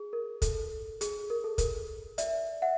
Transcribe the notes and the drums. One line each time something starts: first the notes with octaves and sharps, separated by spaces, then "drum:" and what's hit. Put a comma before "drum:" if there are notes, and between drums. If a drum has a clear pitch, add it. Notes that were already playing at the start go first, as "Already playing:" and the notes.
Already playing: G#4
A#4
A4, drum: kick, hi-hat
G#4, drum: hi-hat
A#4
A4
A#4, drum: kick, hi-hat
D5 E5, drum: hi-hat
E5 F#5